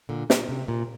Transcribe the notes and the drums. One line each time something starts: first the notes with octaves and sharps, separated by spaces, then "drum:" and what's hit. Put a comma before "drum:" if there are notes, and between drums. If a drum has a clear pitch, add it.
A#2 D3
A#2, drum: snare
C3
A#2